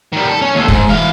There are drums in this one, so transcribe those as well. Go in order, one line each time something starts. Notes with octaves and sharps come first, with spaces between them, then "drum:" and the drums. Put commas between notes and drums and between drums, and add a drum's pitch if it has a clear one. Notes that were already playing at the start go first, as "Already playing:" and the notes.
D#3 G3
A4
C#4 C#5
D#2 A4
G#2, drum: kick
E3 F5